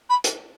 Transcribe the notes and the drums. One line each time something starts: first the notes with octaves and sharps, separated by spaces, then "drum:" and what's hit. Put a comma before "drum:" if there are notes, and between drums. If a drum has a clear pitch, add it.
B5
drum: hi-hat